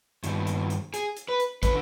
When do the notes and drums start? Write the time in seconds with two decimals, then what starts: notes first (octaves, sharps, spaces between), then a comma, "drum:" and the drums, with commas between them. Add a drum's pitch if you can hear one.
0.24 G2 D#3, drum: hi-hat
0.47 drum: hi-hat
0.70 drum: hi-hat
0.94 G#4, drum: hi-hat
1.17 drum: hi-hat
1.28 B4
1.40 drum: hi-hat
1.63 D3 B4, drum: kick, hi-hat